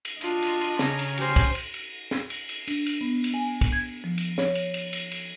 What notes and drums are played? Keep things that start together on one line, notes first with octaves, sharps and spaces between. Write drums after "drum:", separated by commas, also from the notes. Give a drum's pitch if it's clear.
drum: cymbal
D4 F4 D#5, drum: cymbal
drum: cymbal
drum: cymbal
C#3 A#5, drum: snare
drum: cymbal
C#4 G4 C5, drum: cymbal
drum: kick, cymbal
drum: cymbal
drum: cymbal
drum: snare
drum: cymbal
drum: cymbal
D4, drum: cymbal
drum: cymbal
B3
drum: cymbal
G#5
drum: kick, cymbal
G#6
F3
drum: cymbal
C#5, drum: snare
drum: cymbal
drum: cymbal
drum: cymbal
drum: cymbal